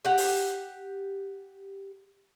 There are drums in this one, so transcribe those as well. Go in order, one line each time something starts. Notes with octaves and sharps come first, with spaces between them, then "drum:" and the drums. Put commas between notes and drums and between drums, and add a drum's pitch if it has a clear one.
G4 F#5
drum: open hi-hat